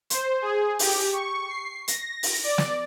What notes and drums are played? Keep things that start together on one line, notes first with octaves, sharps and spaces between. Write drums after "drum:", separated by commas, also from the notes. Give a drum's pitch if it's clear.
C5, drum: hi-hat
G#4
G4, drum: open hi-hat
C#6
C7
A#6, drum: hi-hat
drum: open hi-hat
D5
drum: snare